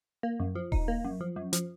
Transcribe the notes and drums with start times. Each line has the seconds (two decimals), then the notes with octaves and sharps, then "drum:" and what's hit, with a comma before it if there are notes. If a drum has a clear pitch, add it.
0.23 A#3
0.40 F#2
0.55 F3
0.72 D#4, drum: kick D#1
0.88 A#3
1.04 F#2
1.21 F3
1.36 F#2
1.53 F3, drum: hi-hat